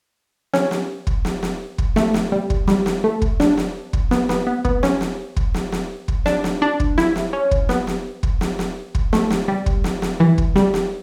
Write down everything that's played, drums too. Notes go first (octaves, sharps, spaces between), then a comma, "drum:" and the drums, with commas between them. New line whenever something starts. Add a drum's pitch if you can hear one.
C#4, drum: snare
drum: snare
drum: kick
drum: snare
drum: snare
drum: kick
A3, drum: snare
drum: snare
G3
drum: kick
G3, drum: snare
drum: snare
A3
drum: kick
D4, drum: snare
drum: snare
drum: kick
B3, drum: snare
B3, drum: snare
B3
B3, drum: kick
C#4, drum: snare
drum: snare
drum: kick
drum: snare
drum: snare
drum: kick
D4, drum: snare
drum: snare
D4
drum: kick
E4, drum: snare
drum: snare
C#4
drum: kick
B3, drum: snare
drum: snare
drum: kick
drum: snare
drum: snare
drum: kick
A3, drum: snare
drum: snare
G3
drum: kick
drum: snare
drum: snare
E3
drum: kick
G3, drum: snare
drum: snare